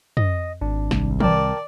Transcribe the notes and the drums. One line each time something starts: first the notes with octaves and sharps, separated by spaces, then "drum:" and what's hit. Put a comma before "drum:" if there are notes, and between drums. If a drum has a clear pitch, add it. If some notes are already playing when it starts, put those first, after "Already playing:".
D#5, drum: tom
G#1 D4
C2, drum: snare
A#4 D5 G5 A5, drum: tom